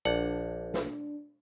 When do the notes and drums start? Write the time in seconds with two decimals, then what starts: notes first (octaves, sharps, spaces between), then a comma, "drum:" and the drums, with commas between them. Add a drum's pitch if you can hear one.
0.05 A#1 D4 F#5
0.74 drum: snare